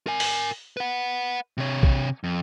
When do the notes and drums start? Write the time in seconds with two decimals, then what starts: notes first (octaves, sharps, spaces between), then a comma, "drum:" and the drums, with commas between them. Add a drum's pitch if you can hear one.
0.07 A#4 G#5
0.20 drum: open hi-hat
0.77 B4 F#5
1.58 C3 C#5
1.83 drum: kick
2.24 F2